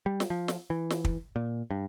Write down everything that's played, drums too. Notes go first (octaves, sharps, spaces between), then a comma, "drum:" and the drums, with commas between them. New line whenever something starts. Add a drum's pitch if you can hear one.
G3
drum: snare
F3
drum: snare
E3
drum: snare
drum: kick
A#2
G2